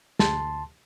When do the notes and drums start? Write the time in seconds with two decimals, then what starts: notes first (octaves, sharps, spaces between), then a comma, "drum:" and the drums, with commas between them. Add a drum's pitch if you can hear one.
0.19 D2 A5 C6, drum: snare